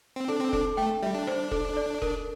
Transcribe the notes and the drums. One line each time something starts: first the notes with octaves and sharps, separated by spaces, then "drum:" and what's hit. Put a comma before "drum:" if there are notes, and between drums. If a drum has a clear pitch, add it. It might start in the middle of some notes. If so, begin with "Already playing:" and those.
C4
D4 A4
C4
D4 A4, drum: kick E1
A3 G5
G3 E5
D4
C5, drum: rim click
A4, drum: kick E1
D5
A#4, drum: kick E1